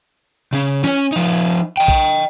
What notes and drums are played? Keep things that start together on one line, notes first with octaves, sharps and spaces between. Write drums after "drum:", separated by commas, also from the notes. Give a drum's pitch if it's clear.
C#3 C#4
C#4 C#5, drum: snare
F3 D#4
D#5 G5
drum: kick A#1